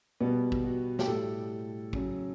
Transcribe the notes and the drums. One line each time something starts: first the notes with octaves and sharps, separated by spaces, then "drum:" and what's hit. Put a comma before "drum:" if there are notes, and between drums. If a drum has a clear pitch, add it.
B2 G3 B3
drum: kick
F#4
G4, drum: snare
A2 G3 A4
C#3 F#3, drum: kick